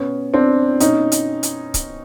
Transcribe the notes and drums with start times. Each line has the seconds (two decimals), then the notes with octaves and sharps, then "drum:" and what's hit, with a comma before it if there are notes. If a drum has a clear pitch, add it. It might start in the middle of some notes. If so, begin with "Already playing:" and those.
Already playing: B2 B3 C#4
0.34 C4 D4
0.80 B2 C#4 D#4, drum: hi-hat
1.12 drum: hi-hat
1.43 drum: hi-hat
1.74 drum: kick C#1, hi-hat